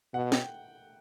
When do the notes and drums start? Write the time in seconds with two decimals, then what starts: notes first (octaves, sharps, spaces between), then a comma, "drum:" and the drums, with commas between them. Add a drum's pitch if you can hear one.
0.14 B2 F#5
0.32 G5, drum: snare